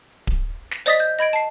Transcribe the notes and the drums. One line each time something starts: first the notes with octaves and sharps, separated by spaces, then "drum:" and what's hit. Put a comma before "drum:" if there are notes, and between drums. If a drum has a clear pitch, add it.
drum: kick D1
drum: snare
C5 D5 D#5 D#6 A6 B6
G6
D#5 B5 G#6 D7
A5 C7